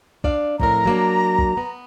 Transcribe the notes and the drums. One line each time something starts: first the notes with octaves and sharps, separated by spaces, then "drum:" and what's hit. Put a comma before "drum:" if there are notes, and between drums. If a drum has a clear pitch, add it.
D4 D5 F5, drum: kick
F2 A2 A#4 A#5, drum: kick
F#3 A#3 D4
drum: kick
B3